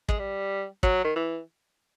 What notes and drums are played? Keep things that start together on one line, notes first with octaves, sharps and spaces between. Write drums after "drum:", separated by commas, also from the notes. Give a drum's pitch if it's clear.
G#3, drum: kick
G3
F#3, drum: kick
D#3
E3